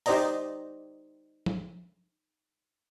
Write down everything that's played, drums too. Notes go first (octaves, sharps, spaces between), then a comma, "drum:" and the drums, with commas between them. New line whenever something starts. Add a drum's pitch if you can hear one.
D#4 G4 C5 D5 D#5 A#5, drum: open hi-hat
drum: tom F3